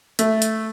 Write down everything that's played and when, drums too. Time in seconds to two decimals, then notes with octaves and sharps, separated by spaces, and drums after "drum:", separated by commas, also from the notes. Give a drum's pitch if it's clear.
0.19 A3, drum: hi-hat
0.42 drum: hi-hat